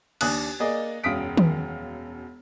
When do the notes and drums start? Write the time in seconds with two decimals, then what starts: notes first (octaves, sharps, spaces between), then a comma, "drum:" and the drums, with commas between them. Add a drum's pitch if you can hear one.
0.21 D#2 D4 G#5 D#6 F#6, drum: cymbal
0.60 A#3 G#4 D5 D#5
1.04 E1 F#2 F5 D#6 B6 D7
1.37 drum: tom D#3